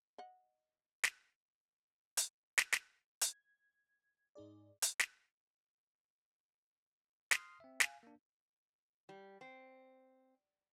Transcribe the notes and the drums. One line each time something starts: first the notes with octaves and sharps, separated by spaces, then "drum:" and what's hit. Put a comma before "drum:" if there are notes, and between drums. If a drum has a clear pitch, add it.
D#5 F#5
drum: snare
drum: hi-hat
drum: snare
drum: snare
G#6, drum: hi-hat
G#2 D#4 G#4 D5
drum: hi-hat
drum: snare
C6 D#6 F6 C7, drum: snare
C4 E5
F5 G#5, drum: snare
A#3 D4
G3
C4